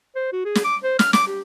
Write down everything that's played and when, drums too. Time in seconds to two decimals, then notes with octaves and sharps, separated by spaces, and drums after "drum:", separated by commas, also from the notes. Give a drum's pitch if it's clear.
0.15 C5
0.33 F#4
0.45 G#4
0.55 drum: snare
0.65 D6
0.83 C5
0.99 F6, drum: snare
1.13 D6, drum: snare
1.27 G4